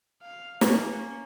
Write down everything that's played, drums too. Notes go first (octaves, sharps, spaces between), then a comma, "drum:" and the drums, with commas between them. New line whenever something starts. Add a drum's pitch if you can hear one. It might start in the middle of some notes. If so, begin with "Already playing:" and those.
F5
A#3 C#4, drum: snare